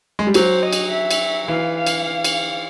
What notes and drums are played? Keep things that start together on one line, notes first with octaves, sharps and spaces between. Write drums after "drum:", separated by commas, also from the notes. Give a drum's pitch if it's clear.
G#3
G3
F#3 C5, drum: cymbal
D#5
drum: cymbal
E5
drum: cymbal
E3 F5
F5
drum: cymbal
F5
drum: cymbal